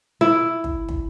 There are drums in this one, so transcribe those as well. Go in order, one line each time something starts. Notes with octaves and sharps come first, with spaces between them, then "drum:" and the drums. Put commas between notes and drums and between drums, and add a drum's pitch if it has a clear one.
E4
drum: kick
drum: kick